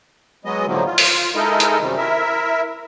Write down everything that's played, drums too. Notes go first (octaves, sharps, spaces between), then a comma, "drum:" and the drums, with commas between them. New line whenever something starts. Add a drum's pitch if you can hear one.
F#3 G#3 B3 D#5
A2 D3 D#3 F3 F#3 A#3
F4
drum: open hi-hat
G#3 D#4 E4 A4 A#4 D#5
drum: hi-hat
F#2 C3 D#3 G3
E4 A#4 E5